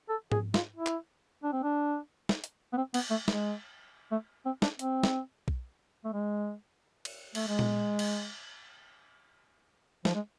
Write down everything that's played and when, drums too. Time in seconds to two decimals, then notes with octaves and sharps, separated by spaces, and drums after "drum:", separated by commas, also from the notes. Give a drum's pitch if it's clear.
0.09 A4
0.32 G#4, drum: tom G#2
0.54 F4, drum: snare
0.76 E4
0.87 drum: clap
1.43 D4
1.52 C4
1.63 D4
2.29 drum: snare
2.44 drum: hi-hat
2.73 B3
2.77 C4
2.94 B3, drum: cymbal
3.11 A3
3.28 G#3, drum: snare
4.11 A3
4.46 C4
4.62 D4, drum: snare
4.79 C4, drum: hi-hat
5.03 drum: snare
5.48 drum: kick B1
6.04 A3
6.13 G#3
7.05 drum: cymbal
7.35 A3, drum: cymbal
7.47 G#3
7.59 drum: tom A#2
7.99 drum: cymbal
10.05 F3, drum: snare
10.15 G#3